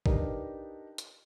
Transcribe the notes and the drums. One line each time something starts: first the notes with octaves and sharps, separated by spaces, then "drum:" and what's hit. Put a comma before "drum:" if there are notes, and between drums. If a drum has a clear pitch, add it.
D4 D#4 G4 A#4 B4, drum: kick
drum: hi-hat